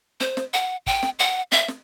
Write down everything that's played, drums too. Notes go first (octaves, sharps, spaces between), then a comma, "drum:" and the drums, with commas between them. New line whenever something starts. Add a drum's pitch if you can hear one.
C5, drum: snare
drum: snare
F#5
G5, drum: kick
drum: snare
F#5
E5, drum: snare
drum: snare